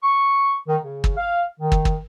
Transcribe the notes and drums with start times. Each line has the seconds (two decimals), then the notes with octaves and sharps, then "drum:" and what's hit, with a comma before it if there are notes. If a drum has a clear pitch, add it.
0.03 C#6
0.68 D#3
0.83 C#3
1.04 drum: kick
1.17 F5
1.60 D#3
1.72 drum: kick
1.85 drum: kick